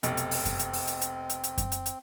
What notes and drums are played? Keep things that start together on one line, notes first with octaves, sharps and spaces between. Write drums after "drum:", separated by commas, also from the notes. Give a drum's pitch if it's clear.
F1 B1 C4, drum: hi-hat
drum: hi-hat
drum: open hi-hat
drum: kick F#2, hi-hat
drum: hi-hat
drum: open hi-hat
drum: hi-hat
drum: hi-hat
drum: hi-hat
drum: hi-hat
drum: kick F#2, hi-hat
drum: hi-hat
drum: hi-hat